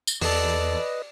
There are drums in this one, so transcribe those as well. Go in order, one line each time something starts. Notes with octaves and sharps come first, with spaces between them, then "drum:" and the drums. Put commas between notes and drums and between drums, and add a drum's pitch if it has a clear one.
drum: tambourine
E2 A4 B4 D5 D#5, drum: open hi-hat